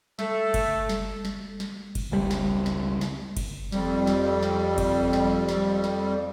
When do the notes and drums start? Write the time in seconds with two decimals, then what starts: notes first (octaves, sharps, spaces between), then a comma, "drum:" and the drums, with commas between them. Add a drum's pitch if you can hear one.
0.19 A3 A4, drum: snare
0.54 drum: kick F#1, cymbal
0.89 drum: snare
1.25 drum: snare
1.60 drum: snare
1.95 drum: kick F#1, cymbal
2.12 C#2 G3
2.31 drum: snare
2.66 drum: snare
3.01 drum: snare
3.37 drum: kick F#1, cymbal
3.72 F2 G3, drum: snare
4.07 drum: snare
4.43 drum: snare
4.78 drum: kick F#1, cymbal
5.13 drum: snare
5.48 drum: snare
5.84 drum: snare